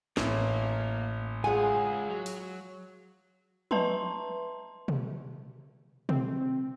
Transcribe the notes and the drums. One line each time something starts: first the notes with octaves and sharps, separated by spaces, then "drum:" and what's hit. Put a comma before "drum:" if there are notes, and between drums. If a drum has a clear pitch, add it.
A1 A#3, drum: snare
G#3 F4 G#4 F#5 G#5
F#3
drum: open hi-hat
B4 E5 A5 A#5 C6, drum: tom F3
drum: tom B2
C4, drum: tom B2